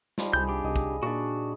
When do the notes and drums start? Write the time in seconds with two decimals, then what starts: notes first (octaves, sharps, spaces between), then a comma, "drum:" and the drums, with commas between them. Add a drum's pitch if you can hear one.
0.18 F3 G3 D#4, drum: snare
0.33 C2 G3 G#4 F5 G6
0.49 D4 G4
0.64 C2 D#5
0.76 drum: kick
1.03 A#2 D4 F#4